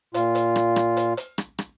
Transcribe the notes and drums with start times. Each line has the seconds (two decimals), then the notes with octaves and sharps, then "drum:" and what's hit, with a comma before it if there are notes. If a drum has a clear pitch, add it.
0.14 A#2 F4, drum: hi-hat
0.35 drum: hi-hat
0.56 drum: rim click
0.76 drum: rim click
0.97 drum: hi-hat
1.17 drum: hi-hat
1.38 drum: rim click
1.58 drum: rim click